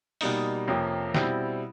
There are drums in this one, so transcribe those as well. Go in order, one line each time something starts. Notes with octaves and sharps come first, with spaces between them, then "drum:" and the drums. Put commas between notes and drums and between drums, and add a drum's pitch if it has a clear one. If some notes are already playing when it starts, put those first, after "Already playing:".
B2 G3 A#3 D#4, drum: open hi-hat
F2 C3 F3 A#3 C#4
B2 G3 C4 E4, drum: snare